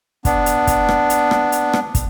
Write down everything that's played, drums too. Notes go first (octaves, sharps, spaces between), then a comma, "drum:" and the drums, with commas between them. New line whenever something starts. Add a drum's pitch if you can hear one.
B3 D4, drum: kick, hi-hat
drum: hi-hat
drum: kick, hi-hat
drum: rim click
drum: hi-hat
drum: rim click
drum: hi-hat
drum: rim click
drum: kick, hi-hat